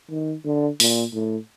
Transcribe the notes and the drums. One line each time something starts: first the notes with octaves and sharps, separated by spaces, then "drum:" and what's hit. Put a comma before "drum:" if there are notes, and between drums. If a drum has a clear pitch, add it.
D#3
D3
A#2, drum: open hi-hat
A2